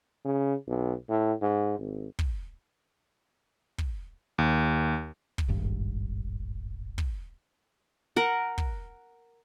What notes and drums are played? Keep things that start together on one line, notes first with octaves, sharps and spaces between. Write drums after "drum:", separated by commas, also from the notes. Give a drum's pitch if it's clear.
C#3
B1
A2
G#2
G#1
drum: kick
drum: kick
D#2
drum: kick
D#1 G#1 G2
drum: kick
A#4 F#5
drum: kick